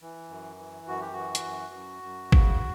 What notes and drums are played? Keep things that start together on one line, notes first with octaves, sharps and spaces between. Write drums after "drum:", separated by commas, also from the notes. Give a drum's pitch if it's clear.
E3
F#2
E3
F#2 F#4
G4
E3 F#4
drum: hi-hat
F#2
F#2
F#2
C#3, drum: kick